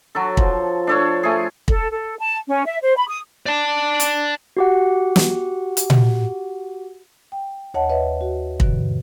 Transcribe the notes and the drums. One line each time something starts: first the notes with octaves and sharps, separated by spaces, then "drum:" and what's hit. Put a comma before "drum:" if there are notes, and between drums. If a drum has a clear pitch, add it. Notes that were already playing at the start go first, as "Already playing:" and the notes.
F#3 F#4 A4
F3, drum: kick
D4 A4 C#5
A3 G#4
A4, drum: kick
A4
A5
C#4
E5
C5
B5
D#6
D5 A5
drum: hi-hat
F#4 G4 F#5
drum: snare
drum: hi-hat
drum: tom A#2
G5
D#2 C#5 D#5 F#5 A5
B4 C#5 D#5 E5 F#5
F#4
G2 B2 D3 E3, drum: kick